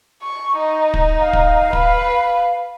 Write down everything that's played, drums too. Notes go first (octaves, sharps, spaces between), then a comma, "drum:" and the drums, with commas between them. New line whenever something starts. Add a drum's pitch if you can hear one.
C#6
D#4
drum: kick
F5
drum: kick
B4, drum: kick